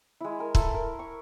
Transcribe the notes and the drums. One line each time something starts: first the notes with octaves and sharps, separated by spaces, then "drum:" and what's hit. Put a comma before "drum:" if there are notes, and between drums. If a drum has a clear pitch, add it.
G#3 E4
A#4 G#5
E4 A4 A#5 C6, drum: kick
A#4
C#6